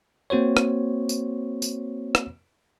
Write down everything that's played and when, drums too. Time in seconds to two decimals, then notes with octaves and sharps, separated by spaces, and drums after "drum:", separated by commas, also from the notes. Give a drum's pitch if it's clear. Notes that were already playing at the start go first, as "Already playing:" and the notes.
0.30 A#3 C4 F#4 C5 C#5
0.57 drum: rim click
1.09 drum: tambourine
1.62 drum: tambourine
2.15 drum: rim click